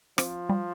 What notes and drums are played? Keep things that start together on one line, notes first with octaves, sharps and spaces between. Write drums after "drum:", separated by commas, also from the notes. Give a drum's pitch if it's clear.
F3 C4, drum: rim click
G3